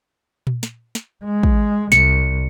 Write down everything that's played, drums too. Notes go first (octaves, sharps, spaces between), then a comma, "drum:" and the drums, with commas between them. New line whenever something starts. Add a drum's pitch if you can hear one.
drum: tom A#2
drum: snare
drum: snare
G#3
drum: kick
C2 C#7, drum: snare